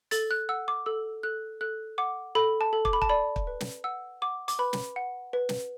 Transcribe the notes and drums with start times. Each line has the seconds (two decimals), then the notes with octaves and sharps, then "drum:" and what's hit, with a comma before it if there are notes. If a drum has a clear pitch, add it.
0.11 A4 A6, drum: hi-hat
0.31 F#6
0.49 F#5 E6
0.68 D6
0.86 A4 E6
1.23 A4 F#6
1.61 A4 F#6
1.98 F#5 D6
2.35 A4 B5
2.61 A5
2.73 A4
2.85 D6, drum: kick
2.93 B5
3.02 A5, drum: kick
3.09 D5 B5
3.36 drum: kick
3.47 B4
3.60 drum: snare
3.84 F#5 E6
4.22 F#5 D6
4.48 D6, drum: hi-hat
4.59 B4 B5
4.73 drum: snare
4.96 F#5
5.33 B4
5.49 drum: snare